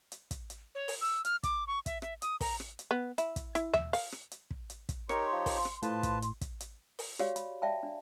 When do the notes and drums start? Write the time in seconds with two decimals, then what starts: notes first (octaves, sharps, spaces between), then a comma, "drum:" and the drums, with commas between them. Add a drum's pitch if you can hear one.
0.12 drum: hi-hat
0.31 drum: kick, hi-hat
0.50 drum: hi-hat
0.75 C#5
0.88 drum: open hi-hat
1.01 E6
1.25 F6, drum: hi-hat
1.43 D6, drum: kick, hi-hat
1.67 C#6
1.86 E5, drum: kick, hi-hat
2.02 E5, drum: rim click
2.22 D#6, drum: hi-hat
2.41 A#5, drum: kick, open hi-hat
2.60 drum: rim click
2.79 drum: hi-hat
2.91 B3
3.18 E4, drum: hi-hat
3.36 drum: kick, hi-hat
3.55 E4, drum: hi-hat
3.74 E5, drum: tom D#2
3.93 F5, drum: open hi-hat
4.12 drum: rim click
4.31 drum: hi-hat
4.51 drum: kick
4.70 drum: hi-hat
4.89 drum: kick, hi-hat
5.09 D#4 G4 A#4 C#5 C6 C#6, drum: rim click
5.32 F3
5.46 drum: kick, open hi-hat
5.65 drum: rim click
5.83 A2 F3 B4 A5, drum: hi-hat
6.03 drum: kick, hi-hat
6.22 drum: hi-hat
6.41 drum: kick, hi-hat
6.60 drum: hi-hat
6.99 drum: open hi-hat
7.19 F#4 G4 C#5 D5 F5, drum: rim click
7.36 B5, drum: hi-hat
7.62 D5 E5 F5 G5 A5 B5
7.83 D4